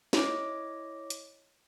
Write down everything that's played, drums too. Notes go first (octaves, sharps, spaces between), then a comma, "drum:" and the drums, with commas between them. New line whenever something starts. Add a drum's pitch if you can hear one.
E4 C#5 D#5 D6 D7, drum: snare
drum: hi-hat